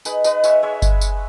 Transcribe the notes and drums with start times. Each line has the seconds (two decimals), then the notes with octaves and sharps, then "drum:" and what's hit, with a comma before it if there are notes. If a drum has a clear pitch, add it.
0.05 D#4 G#4 B4, drum: tambourine
0.24 D#4 B4 D#5, drum: tambourine
0.44 G#3 C#5 E5, drum: tambourine
0.63 G#3 C#5 E5
0.82 drum: kick G1, tambourine
1.01 drum: tambourine